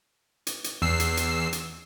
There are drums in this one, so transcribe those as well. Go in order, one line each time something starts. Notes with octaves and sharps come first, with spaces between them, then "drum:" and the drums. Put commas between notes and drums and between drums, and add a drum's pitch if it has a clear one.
drum: hi-hat
drum: hi-hat
E2 E6 C7
drum: hi-hat
drum: hi-hat
drum: hi-hat